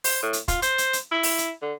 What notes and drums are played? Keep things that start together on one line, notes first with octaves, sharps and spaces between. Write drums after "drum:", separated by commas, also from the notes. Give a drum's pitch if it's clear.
C5, drum: open hi-hat
A2
drum: hi-hat
F4, drum: kick, hi-hat
C5, drum: hi-hat
drum: hi-hat
drum: hi-hat
E4
drum: open hi-hat
drum: hi-hat
D3